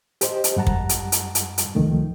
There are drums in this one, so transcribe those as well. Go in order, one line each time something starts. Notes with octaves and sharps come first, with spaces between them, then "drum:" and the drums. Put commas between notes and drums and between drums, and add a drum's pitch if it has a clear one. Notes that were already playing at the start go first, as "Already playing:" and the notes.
G4 C5 D#5, drum: hi-hat
drum: hi-hat
F#2 G3 F#5 A5 A#5
drum: kick
drum: hi-hat
drum: hi-hat
drum: hi-hat
drum: hi-hat
C#2 D#3 F3 A3